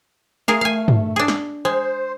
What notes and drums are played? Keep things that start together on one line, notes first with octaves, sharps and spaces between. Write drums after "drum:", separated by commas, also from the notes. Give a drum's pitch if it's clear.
A3 G#4 A#4 F5
F5 G#5
drum: tom
D4 G#4
drum: snare
G#3 C5